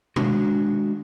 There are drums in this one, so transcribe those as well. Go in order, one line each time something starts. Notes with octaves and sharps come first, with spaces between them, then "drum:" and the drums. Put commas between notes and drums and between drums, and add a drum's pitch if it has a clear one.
D#3 G#3 D4 F#4, drum: tom B2